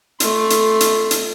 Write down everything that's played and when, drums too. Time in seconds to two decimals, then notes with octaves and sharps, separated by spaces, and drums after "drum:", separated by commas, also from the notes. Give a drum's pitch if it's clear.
0.20 A3 C6, drum: hi-hat
0.50 drum: hi-hat
0.80 drum: hi-hat
1.11 drum: hi-hat